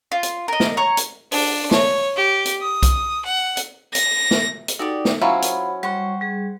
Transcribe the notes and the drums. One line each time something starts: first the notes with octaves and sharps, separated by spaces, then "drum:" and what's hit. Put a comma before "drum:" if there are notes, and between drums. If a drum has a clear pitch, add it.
F4
drum: hi-hat
A#4 D#5
drum: snare
C#5 A#5 C#6
drum: hi-hat
D4, drum: open hi-hat
C#5, drum: snare
G4
drum: hi-hat
D#6
drum: kick B1, hi-hat
F#5
drum: hi-hat
A#6, drum: hi-hat
drum: snare
drum: hi-hat
D#4 F#4 G4 A4 D5
drum: snare
F#3 C#4 E4 F4 C5 F#5 B5 C#6
drum: hi-hat
G3 C5 F#5 C#6
G3 G#4